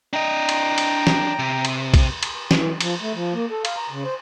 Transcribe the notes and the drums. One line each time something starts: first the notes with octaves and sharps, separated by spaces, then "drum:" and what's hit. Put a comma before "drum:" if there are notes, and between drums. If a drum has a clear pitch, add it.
D4 D#5 G5 A#5
drum: cymbal
drum: cymbal
drum: snare
C3
drum: cymbal
drum: kick B1, cymbal
drum: cymbal
E3, drum: snare
F3, drum: cymbal
A3
F3
A#3
A4
F5, drum: cymbal
A#5
C#3
C5